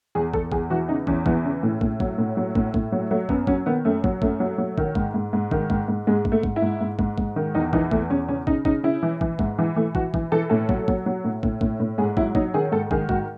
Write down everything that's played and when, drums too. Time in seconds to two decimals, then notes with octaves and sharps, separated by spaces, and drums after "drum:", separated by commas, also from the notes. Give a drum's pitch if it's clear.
0.15 E2 G#4
0.34 E2 A4, drum: kick
0.52 E2 G#4, drum: kick
0.70 E3 F#4
0.89 C#3 D#4
1.07 E2 C#4, drum: kick
1.26 E3 B3, drum: kick
1.45 C#3
1.63 A2
1.81 A2, drum: kick
2.00 F#3, drum: kick
2.18 A2
2.37 F#3
2.55 A2, drum: kick
2.74 A2, drum: kick
2.92 F#3
3.11 F#3 A3
3.29 F#2 B3, drum: kick
3.47 F#3 C#4, drum: kick
3.66 D#3 B3
3.85 F#2 A3
4.04 F#3, drum: kick
4.22 F#2 A3, drum: kick
4.40 F#3
4.58 F#3
4.78 D#3, drum: kick
4.95 G#2, drum: kick
5.14 G#2
5.33 G#2
5.51 D#3, drum: kick
5.70 G#2, drum: kick
5.88 G#2
6.07 G#2 G#3
6.25 G#2, drum: kick
6.32 A3
6.43 G#2, drum: kick
6.56 E4
6.62 G#2
6.81 G#2
6.99 G#2, drum: kick
7.18 G#2, drum: kick
7.36 D#3
7.55 E2 D#4
7.73 E3 D#4, drum: kick
7.91 E2 A3, drum: kick
8.10 E2 C#4
8.28 C#3 C#4
8.47 C#3 D#4, drum: kick
8.65 C#3 D#4, drum: kick
8.83 C#3 E4
9.03 E3
9.21 E3, drum: kick
9.39 G#2, drum: kick
9.59 E3
9.76 E3 A3
9.95 E3 F#4, drum: kick
10.14 E3, drum: kick
10.32 E3 A4
10.50 A2 A4
10.69 F#3, drum: kick
10.88 F#3, drum: kick
11.06 F#3
11.24 A2
11.43 A2, drum: kick
11.61 A2, drum: kick
11.80 A2
11.98 G#2 G#4
12.17 F#3 E4, drum: kick
12.35 F#3 D#4, drum: kick
12.54 D#3 G#4
12.72 G#2 A4
12.91 D#3 G#4, drum: kick
13.09 G#2 F#4, drum: kick